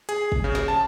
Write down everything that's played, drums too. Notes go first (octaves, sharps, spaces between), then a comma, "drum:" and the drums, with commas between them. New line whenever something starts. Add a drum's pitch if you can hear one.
G#4, drum: hi-hat
drum: kick
C#3
drum: snare
A5